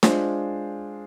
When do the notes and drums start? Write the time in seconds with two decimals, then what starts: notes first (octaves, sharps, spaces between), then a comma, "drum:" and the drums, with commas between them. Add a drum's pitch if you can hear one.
0.03 G#3 D4 F4 C5, drum: snare